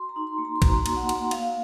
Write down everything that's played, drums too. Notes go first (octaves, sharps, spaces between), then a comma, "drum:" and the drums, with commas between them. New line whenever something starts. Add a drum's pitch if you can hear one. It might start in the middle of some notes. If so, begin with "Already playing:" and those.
Already playing: F#4 C6
A#5
D#4
C6
A#3
A#5
C6
F#4 A#5, drum: kick A#1, cymbal
A#3, drum: cymbal
F#5
A#3, drum: cymbal
A#3 F5, drum: cymbal